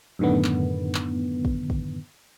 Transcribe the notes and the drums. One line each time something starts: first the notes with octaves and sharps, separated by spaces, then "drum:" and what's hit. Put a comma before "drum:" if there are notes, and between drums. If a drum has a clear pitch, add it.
F#2 A2 D3 D#3 B3
drum: clap
drum: clap
drum: kick
drum: kick